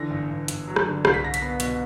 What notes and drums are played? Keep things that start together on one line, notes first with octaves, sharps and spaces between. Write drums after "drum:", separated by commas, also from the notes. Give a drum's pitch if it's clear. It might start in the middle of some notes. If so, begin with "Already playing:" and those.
Already playing: D3 E3 A#6
G1
G1
G1, drum: hi-hat
F#3
drum: rim click
D3
C2 C7, drum: rim click
B6
C2 A#6
B6, drum: hi-hat
B3
B2, drum: hi-hat